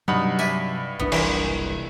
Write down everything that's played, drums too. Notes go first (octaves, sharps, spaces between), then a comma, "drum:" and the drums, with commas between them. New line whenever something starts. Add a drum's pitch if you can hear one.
G2 C3 F#3 D#4 F#5 B5
D5 E5 G#5, drum: tambourine
F#1 C2 B3 D4
E3 A#3 F4, drum: cymbal